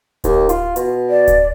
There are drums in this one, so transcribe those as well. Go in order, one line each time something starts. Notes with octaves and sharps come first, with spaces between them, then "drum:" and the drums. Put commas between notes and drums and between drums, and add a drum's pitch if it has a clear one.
D#2, drum: kick D1, hi-hat
F4, drum: hi-hat
B2, drum: hi-hat
D5
drum: kick D1, hi-hat